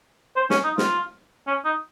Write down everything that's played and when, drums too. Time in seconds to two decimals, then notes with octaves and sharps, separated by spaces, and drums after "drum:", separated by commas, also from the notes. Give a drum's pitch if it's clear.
0.36 C5
0.50 C#4, drum: snare
0.64 D#4
0.78 F4, drum: snare
1.47 C#4
1.65 D#4